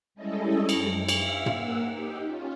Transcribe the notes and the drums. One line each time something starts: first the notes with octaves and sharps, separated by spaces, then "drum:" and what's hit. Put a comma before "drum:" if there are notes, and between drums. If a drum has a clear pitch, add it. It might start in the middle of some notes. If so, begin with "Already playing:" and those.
G3 G#3 C#4 E4 A4 D#5
F#2, drum: cymbal
E5 F5 E6, drum: cymbal
A#3 F#5 E6, drum: tom
D#4 G4
C#4 F4